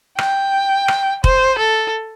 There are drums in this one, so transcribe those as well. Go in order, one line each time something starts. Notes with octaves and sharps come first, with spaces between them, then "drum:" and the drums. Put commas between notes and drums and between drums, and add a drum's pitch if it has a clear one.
G5, drum: rim click
drum: rim click
C5, drum: kick
A4